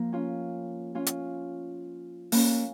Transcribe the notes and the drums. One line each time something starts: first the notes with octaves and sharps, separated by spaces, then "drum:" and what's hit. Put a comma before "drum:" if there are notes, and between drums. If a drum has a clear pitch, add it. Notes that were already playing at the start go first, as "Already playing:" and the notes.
Already playing: F3 A#3
C#4 F4
C#4 F4
drum: hi-hat
A#3 C#4, drum: open hi-hat